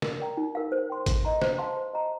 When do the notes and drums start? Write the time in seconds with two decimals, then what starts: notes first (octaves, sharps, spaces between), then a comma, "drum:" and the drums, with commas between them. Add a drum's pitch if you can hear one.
0.02 A#4, drum: snare
0.20 D5 G5 A#5
0.37 D#4
0.55 A#4 F5
0.72 C5
0.90 G5 C6
1.06 A4, drum: kick A1, hi-hat
1.25 D#5 A#5
1.42 C5, drum: snare
1.58 F5 A5 C6
1.77 C5
1.94 D#5 A#5